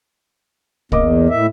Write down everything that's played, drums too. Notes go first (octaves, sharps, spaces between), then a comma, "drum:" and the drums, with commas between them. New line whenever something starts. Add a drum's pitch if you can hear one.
E2 A#3 D#5 D6, drum: kick
A2 E5